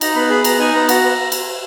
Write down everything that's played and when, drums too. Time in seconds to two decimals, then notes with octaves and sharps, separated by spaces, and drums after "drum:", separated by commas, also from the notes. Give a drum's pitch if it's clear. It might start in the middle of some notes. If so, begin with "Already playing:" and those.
0.01 D#4 A#5, drum: cymbal
0.15 B3 B5
0.29 G#4 B5
0.44 B3 A#5, drum: cymbal
0.59 D#4 G#5
0.73 B3 A#5
0.89 F#4 A#5, drum: cymbal
1.03 B3
1.32 drum: cymbal